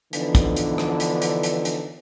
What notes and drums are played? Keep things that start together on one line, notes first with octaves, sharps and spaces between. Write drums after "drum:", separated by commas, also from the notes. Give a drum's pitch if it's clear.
D3 E3 F3 B3 D4 D#4, drum: hi-hat
drum: kick, hi-hat
drum: hi-hat
drum: rim click
drum: hi-hat
drum: hi-hat
drum: hi-hat
drum: hi-hat